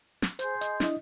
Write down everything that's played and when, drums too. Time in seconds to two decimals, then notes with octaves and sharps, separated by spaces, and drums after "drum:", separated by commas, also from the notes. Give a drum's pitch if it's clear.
0.22 drum: snare
0.39 G#4 C5 C6 G6, drum: hi-hat
0.61 D#5, drum: hi-hat
0.80 D4 E4 D#5, drum: snare